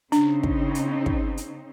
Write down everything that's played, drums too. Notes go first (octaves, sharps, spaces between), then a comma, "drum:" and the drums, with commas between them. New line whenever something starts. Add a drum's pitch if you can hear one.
C#3 C4 D4 D#4, drum: hi-hat
drum: kick
drum: hi-hat
drum: kick
drum: hi-hat